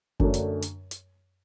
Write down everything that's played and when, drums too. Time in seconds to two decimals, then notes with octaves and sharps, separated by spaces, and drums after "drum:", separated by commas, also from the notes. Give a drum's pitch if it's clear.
0.20 F#2 D3 F#3 A3 D4, drum: kick F#1
0.34 drum: hi-hat
0.62 drum: hi-hat
0.91 drum: hi-hat